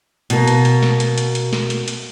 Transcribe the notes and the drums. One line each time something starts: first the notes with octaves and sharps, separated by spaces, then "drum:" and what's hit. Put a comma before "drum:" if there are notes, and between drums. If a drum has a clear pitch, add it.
B2 A#3, drum: hi-hat
drum: hi-hat
drum: hi-hat
drum: snare
drum: hi-hat
drum: hi-hat
drum: hi-hat
drum: snare
drum: hi-hat
drum: hi-hat